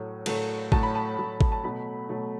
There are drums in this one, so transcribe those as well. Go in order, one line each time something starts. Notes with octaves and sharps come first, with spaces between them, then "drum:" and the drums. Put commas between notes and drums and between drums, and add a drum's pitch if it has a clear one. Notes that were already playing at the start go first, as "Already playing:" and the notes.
Already playing: A2 F#3 A3
A2 F#3 A3, drum: cymbal
A2 F#3 A3 A5, drum: kick
B5
A5
A2 F#3 A3
drum: kick
A5
B2 F#3 A3 B5
B2 F#3 A3